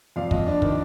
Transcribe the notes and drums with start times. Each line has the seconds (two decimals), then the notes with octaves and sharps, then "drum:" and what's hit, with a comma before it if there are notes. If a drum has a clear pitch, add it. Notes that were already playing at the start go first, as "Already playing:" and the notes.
0.16 F2 D5 F5
0.31 F2 D#5, drum: kick
0.46 D4 D5
0.62 D#3, drum: kick